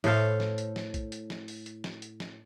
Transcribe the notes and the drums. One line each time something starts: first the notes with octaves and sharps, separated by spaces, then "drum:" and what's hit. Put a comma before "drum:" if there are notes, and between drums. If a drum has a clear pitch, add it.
A2 A4 C5 F5, drum: open hi-hat
drum: snare
drum: hi-hat
drum: snare
drum: kick A#1, hi-hat
drum: hi-hat
drum: snare
drum: open hi-hat
drum: hi-hat
drum: snare
drum: hi-hat
drum: snare